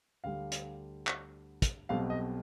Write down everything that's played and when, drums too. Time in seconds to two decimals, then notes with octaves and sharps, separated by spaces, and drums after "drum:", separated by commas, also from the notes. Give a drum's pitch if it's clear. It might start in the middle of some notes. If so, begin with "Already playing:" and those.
0.24 D2 D3 G3 F5
0.52 drum: hi-hat
1.07 drum: clap
1.62 drum: kick, hi-hat
1.89 B1 B2 G3 C4 F5
2.10 D#5